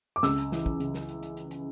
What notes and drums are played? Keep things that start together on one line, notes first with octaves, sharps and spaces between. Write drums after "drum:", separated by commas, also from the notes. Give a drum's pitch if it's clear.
D6
C#2 E6, drum: snare
drum: hi-hat
E3, drum: snare
drum: kick
C#3, drum: hi-hat
drum: snare
drum: hi-hat
drum: hi-hat
drum: hi-hat
drum: hi-hat